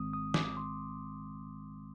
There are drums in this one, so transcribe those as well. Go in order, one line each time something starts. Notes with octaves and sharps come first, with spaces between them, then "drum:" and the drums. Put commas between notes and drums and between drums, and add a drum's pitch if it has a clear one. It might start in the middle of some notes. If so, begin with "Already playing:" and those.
Already playing: G#1 G#2 D#3 G#3 C4 D#6
D#6
D6, drum: snare
C6